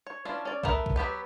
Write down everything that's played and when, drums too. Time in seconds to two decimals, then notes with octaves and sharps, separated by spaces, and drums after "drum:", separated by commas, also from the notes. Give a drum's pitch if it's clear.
0.07 C#5
0.25 E3 C#4 D4 F4
0.45 C#4 D5
0.63 A3 B3 A#4 B4 E5, drum: kick
0.86 drum: kick
0.96 F#3 B3 G4 B4